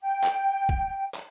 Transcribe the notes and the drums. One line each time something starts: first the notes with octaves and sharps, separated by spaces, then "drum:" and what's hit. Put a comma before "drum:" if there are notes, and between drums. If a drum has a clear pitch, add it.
G5
drum: clap
drum: kick
drum: clap